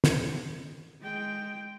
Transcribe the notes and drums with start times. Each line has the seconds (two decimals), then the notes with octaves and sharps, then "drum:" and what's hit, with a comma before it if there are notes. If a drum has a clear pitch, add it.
0.04 drum: snare
1.01 G#3 G5